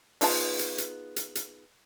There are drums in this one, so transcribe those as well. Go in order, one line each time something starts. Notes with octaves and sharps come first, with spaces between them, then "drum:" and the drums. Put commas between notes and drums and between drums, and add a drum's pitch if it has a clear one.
B3 D#4 F4 G#4 A5, drum: open hi-hat
drum: hi-hat
drum: hi-hat
drum: hi-hat
drum: hi-hat